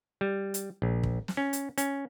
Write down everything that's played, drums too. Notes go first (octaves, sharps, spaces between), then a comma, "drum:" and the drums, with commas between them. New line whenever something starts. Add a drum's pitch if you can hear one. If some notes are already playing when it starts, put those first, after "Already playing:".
G3
drum: hi-hat
A#1
drum: kick
drum: snare
C#4
drum: hi-hat
C#4, drum: hi-hat